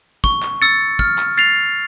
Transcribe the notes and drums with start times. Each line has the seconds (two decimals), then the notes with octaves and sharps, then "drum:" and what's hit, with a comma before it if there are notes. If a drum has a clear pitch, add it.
0.24 C#6, drum: kick
0.43 drum: clap
0.62 E6 A6 C#7
0.99 F6, drum: kick
1.18 drum: clap
1.37 A6 C7 F7